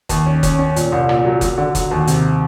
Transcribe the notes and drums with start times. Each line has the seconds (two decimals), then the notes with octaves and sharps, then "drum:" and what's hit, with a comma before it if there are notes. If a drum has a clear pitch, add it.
0.09 D#2, drum: kick F#1, hi-hat
0.26 C#4
0.43 C#4, drum: kick F#1, hi-hat
0.59 C#4
0.76 A#2, drum: hi-hat
0.92 C2
1.09 A#2, drum: rim click
1.25 F#3
1.41 F#3, drum: kick F#1, hi-hat
1.58 D3
1.75 F#3, drum: kick F#1, hi-hat
1.91 D#2
2.07 C3, drum: hi-hat